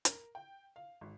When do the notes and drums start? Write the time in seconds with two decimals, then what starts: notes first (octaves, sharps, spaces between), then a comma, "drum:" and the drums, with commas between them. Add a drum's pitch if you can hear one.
0.05 A#4, drum: hi-hat
0.35 G5
0.76 F5
1.01 G#1